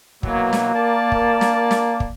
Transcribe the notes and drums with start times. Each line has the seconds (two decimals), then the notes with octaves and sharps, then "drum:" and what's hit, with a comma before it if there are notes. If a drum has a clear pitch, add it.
0.23 B2 E3 F#3 A#3, drum: kick
0.53 drum: snare
0.74 A#4 D5 A5
1.12 drum: kick
1.41 drum: snare
1.71 drum: snare
2.00 drum: kick